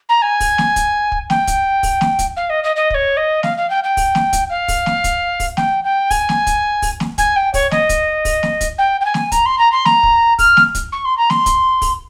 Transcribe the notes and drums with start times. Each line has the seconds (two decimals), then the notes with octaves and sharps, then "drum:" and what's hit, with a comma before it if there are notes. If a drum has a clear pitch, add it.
0.09 A#5
0.22 G#5
0.40 drum: kick, open hi-hat
0.58 drum: snare
0.76 drum: kick, hi-hat
1.12 drum: kick
1.30 G5, drum: snare
1.47 drum: kick, hi-hat
1.83 drum: kick, open hi-hat
2.01 drum: snare
2.19 drum: kick, hi-hat
2.37 F5
2.50 D#5
2.64 D#5
2.76 D#5
2.90 D#5, drum: kick
2.94 C#5
3.17 D#5
3.43 F5, drum: snare
3.57 F5
3.70 G5
3.84 G5
3.97 drum: kick, open hi-hat
4.15 drum: snare
4.33 drum: kick, hi-hat
4.50 F5
4.68 drum: kick, open hi-hat
4.86 drum: snare
5.04 drum: kick, hi-hat
5.40 drum: kick, open hi-hat
5.57 G5, drum: snare
5.84 G5
6.10 G#5, drum: kick, open hi-hat
6.29 drum: snare
6.47 drum: kick, hi-hat
6.82 drum: kick, open hi-hat
7.00 drum: snare
7.18 G#5, drum: kick, hi-hat
7.36 G5
7.54 C#5, drum: kick, open hi-hat
7.71 D#5, drum: snare
7.89 drum: kick, hi-hat
8.25 drum: kick, open hi-hat
8.43 drum: snare
8.61 drum: kick, hi-hat
8.78 G5
9.01 G5
9.05 G#5
9.14 drum: snare
9.32 A#5, drum: kick, hi-hat
9.46 C6
9.58 A#5
9.72 C6
9.85 A#5, drum: snare
10.03 drum: kick
10.39 F6, drum: kick, open hi-hat
10.57 drum: snare
10.75 drum: kick, hi-hat
10.92 C#6
11.05 C6
11.17 A#5
11.30 C6, drum: snare
11.46 drum: kick, hi-hat
11.82 drum: kick, open hi-hat